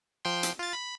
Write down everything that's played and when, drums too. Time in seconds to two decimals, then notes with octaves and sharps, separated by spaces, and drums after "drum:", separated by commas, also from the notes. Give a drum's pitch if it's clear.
0.25 F3 G5 C6
0.43 drum: hi-hat
0.59 F4 A6
0.73 B5